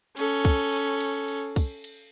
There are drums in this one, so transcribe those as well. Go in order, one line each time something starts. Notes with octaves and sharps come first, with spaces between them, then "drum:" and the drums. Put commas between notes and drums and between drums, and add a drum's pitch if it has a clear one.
C#4 A4, drum: cymbal
drum: kick, cymbal
drum: cymbal
drum: cymbal
drum: cymbal
drum: kick, cymbal
drum: cymbal